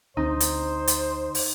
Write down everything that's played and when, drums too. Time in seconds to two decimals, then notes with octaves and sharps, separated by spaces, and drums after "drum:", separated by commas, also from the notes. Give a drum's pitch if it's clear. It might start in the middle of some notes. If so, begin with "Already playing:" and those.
0.17 D2 C4 D#4 C5
0.40 drum: hi-hat
0.88 drum: hi-hat
1.35 drum: open hi-hat